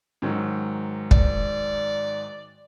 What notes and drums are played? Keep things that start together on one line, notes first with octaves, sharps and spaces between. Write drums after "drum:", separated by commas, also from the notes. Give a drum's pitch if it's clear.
G#2 D#3 F#3
D5, drum: kick